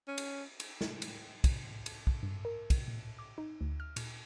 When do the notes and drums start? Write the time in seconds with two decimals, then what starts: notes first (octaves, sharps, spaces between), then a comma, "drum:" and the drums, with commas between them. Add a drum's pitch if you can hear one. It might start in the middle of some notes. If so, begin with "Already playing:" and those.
0.08 C#4
0.18 drum: cymbal
0.60 drum: cymbal
0.81 drum: snare
1.02 drum: cymbal
1.44 drum: kick, cymbal
1.86 drum: cymbal
2.07 drum: kick
2.23 G2
2.45 A#4
2.70 drum: kick, cymbal
2.88 A#2
3.19 D6
3.38 D#4
3.61 D2
3.80 F6
3.96 A#2, drum: cymbal